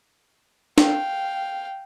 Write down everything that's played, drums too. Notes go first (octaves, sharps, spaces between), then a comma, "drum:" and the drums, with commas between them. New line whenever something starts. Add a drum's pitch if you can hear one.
F5 G5, drum: snare D4